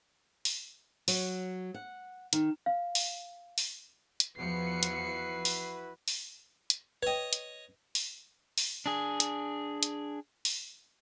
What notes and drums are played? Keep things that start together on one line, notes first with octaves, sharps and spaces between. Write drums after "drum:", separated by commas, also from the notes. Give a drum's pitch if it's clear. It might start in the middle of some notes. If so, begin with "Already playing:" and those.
drum: open hi-hat
F#3, drum: open hi-hat
F#5
D#3, drum: hi-hat
F5
drum: open hi-hat
drum: open hi-hat
drum: hi-hat
E2 F3 E4 F#4 B4 C7 C#7
drum: hi-hat
drum: open hi-hat
drum: open hi-hat
drum: hi-hat
B4 C#5 D#5 G5
drum: hi-hat
drum: open hi-hat
drum: open hi-hat
D4 G#4
drum: hi-hat
drum: hi-hat
drum: open hi-hat